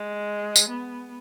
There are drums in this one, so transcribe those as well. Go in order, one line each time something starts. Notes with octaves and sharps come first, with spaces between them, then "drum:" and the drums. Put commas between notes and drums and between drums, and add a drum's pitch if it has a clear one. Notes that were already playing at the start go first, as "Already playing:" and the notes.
Already playing: G#3
drum: tambourine
B3